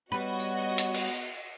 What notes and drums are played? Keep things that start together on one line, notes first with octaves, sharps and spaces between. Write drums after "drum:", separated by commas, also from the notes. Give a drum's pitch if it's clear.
G3 B3 F#4 B4 C#5 D#5
drum: tambourine
drum: hi-hat
drum: cymbal